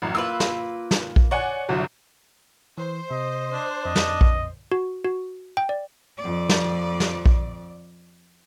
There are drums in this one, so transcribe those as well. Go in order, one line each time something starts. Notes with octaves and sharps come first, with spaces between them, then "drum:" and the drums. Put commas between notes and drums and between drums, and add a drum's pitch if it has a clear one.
A1 F#2
A#3 F4 B4 E6
drum: snare
drum: snare
drum: kick A#1
C#5 D5 F#5 G#5
G1 C2 F#3
E3 C5
C3 D#5
D4
F2 D#5
drum: snare
drum: kick A#1
F#4
F#4
G5
D5
F2 D5
drum: snare
drum: snare
drum: kick A#1